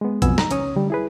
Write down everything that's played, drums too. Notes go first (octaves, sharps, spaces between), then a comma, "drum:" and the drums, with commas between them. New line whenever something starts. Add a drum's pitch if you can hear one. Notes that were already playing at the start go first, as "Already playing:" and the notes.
G#3 B3
F2 B2 F#3 B3 G#5 E6, drum: kick A#1, hi-hat
D#4 A#5, drum: snare
C#2 C#4 C#5 D#6, drum: hi-hat
D3 G3
E4 G#4 B4